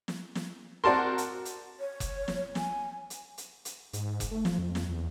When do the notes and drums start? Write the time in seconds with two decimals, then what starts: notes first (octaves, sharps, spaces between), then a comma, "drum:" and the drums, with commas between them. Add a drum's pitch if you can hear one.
0.08 drum: snare
0.35 drum: snare
0.84 C4 F#4 A#4 D5 A5 C6
1.18 drum: hi-hat
1.45 drum: hi-hat
1.80 C#5
2.00 drum: kick F1, hi-hat
2.28 drum: snare
2.55 G#5, drum: snare
3.10 drum: hi-hat
3.38 drum: hi-hat
3.65 drum: hi-hat
3.93 G#2, drum: hi-hat
4.20 drum: kick F1, hi-hat
4.31 A3
4.45 F3, drum: snare
4.59 F2
4.75 drum: snare
4.89 E2